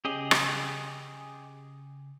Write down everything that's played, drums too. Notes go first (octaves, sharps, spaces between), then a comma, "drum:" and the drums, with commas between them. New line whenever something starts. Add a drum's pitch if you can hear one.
C#3 G4 G#4 D#5
drum: rim click